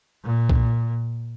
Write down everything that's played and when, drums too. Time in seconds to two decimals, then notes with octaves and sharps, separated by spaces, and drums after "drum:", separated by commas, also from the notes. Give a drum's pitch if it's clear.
0.24 A#2
0.50 drum: kick